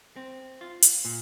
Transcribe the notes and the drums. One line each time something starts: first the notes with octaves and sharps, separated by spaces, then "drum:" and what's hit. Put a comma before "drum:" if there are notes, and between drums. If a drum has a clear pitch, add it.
C4
F4
drum: hi-hat
A#2